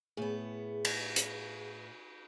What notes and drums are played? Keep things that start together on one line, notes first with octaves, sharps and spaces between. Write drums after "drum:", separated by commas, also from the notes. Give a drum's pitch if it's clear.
A2 B3 G#4
drum: cymbal
drum: hi-hat